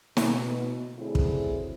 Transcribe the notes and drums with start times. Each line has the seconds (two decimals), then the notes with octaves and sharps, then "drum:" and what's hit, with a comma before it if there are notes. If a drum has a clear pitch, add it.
0.17 B2, drum: snare
0.97 D3 F#3 A3 C4 E4 G#4
1.15 drum: kick